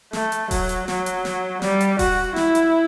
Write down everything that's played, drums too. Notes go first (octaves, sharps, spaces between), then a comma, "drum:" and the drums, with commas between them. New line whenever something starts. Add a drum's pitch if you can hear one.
A3, drum: snare
drum: hi-hat
F#3, drum: kick D#1, open hi-hat
drum: hi-hat
F#3, drum: snare
drum: hi-hat
drum: snare
G3, drum: snare
drum: hi-hat
F#4, drum: kick D#1, open hi-hat
E4, drum: snare
drum: hi-hat